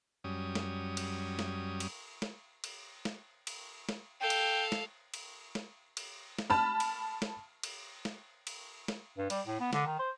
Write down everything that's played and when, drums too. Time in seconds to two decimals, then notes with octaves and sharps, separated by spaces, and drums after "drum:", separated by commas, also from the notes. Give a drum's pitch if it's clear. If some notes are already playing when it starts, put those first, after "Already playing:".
0.24 F#2 G3 C#4 D#6
0.55 drum: snare
0.97 drum: cymbal
1.39 drum: snare
1.80 drum: cymbal
2.22 drum: snare
2.64 drum: cymbal
3.05 drum: snare
3.47 drum: cymbal
3.89 drum: snare
4.21 A4 F5 G5
4.30 drum: cymbal
4.72 drum: snare
5.14 drum: cymbal
5.55 drum: snare
5.97 drum: cymbal
6.39 drum: snare
6.50 A5 B5 F6
6.80 drum: cymbal
7.22 drum: snare
7.63 drum: cymbal
8.05 drum: snare
8.47 drum: cymbal
8.88 drum: snare
9.18 G2
9.30 G3, drum: cymbal
9.46 A2
9.60 B3
9.73 D3, drum: snare
9.86 D#3
9.99 C5